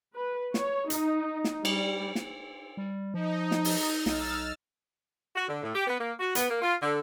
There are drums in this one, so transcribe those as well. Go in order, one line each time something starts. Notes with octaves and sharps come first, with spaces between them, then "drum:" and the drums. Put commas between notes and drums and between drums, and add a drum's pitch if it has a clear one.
B4
C#5, drum: snare
D#4, drum: hi-hat
drum: snare
G3, drum: cymbal
drum: snare
G3
F3 D#4
drum: snare
drum: open hi-hat
B1 E6 F6 A6, drum: snare
F#4
D3
A2
G4
B3
A#3
F#4
B3, drum: hi-hat
A#3
F4
D3